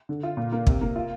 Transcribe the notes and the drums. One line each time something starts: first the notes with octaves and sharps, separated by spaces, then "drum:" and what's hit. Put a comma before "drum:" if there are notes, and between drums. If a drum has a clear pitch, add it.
D3
F4
A#2
A#3
C3, drum: kick
A#3
F4